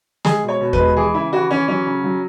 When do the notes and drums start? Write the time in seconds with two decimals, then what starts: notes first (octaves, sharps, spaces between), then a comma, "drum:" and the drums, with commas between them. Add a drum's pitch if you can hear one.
0.25 G#3 G#4, drum: snare
0.43 B2
0.48 C#5
0.60 B2
0.73 B4, drum: kick
0.79 G#3
0.96 E3 G#4
1.14 C#3 E4
1.32 E3 F#4
1.50 E3 C#4
1.68 F#3 C#4
1.86 C#3
2.04 F#3